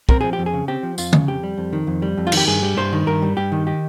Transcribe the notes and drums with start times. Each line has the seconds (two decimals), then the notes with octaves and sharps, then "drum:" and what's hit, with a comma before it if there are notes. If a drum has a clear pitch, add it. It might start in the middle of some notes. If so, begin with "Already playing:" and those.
0.09 C4 A#4, drum: kick
0.21 F3 G#4
0.33 G4
0.39 F2
0.46 G#4
0.53 C#3
0.68 C4 G4
0.83 F3
0.98 F2 F4, drum: tambourine
1.13 C#3, drum: tom D3
1.28 F2 G4
1.43 G3
1.58 F2
1.73 D#3
1.87 F2
2.02 G3
2.17 F2
2.27 F4
2.32 D#3, drum: cymbal
2.37 G4
2.47 G2 G#4
2.62 G3
2.77 G2 C5
2.93 D#3
3.07 G2 A#4
3.22 G3
3.37 G2 G4
3.52 D#3
3.67 D#4 G4